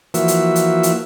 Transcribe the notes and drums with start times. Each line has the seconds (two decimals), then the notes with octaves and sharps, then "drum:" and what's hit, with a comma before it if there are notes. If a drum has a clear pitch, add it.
0.14 E3 F3 A#3 F#4 E5, drum: hi-hat
0.28 drum: hi-hat
0.56 drum: hi-hat
0.83 drum: hi-hat